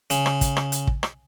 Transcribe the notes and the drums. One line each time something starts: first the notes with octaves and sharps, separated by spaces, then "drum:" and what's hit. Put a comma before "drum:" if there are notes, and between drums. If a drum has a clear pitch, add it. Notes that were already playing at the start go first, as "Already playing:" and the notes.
C#3, drum: hi-hat
drum: rim click
drum: kick, hi-hat
drum: rim click
drum: hi-hat
drum: kick
drum: rim click